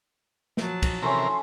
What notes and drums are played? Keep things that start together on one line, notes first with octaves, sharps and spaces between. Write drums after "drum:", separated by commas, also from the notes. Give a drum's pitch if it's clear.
F3 F#3 A5, drum: snare
drum: kick, cymbal
C3 E3 A3 C#4 A#4 C6